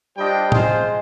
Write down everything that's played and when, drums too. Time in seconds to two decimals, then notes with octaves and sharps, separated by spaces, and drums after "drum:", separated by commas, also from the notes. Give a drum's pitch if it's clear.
0.17 G3 D4 F4 C5 D#5 G5
0.52 G#3 F4 G#4 C5, drum: tom A2